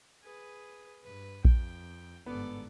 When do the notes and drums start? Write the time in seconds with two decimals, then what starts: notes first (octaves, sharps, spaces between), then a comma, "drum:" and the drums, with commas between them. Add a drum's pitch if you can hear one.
0.23 G#4 B4
1.04 G2 B4
1.45 F2 G5, drum: kick A#1
2.26 G1 G#2 B3 A4 D5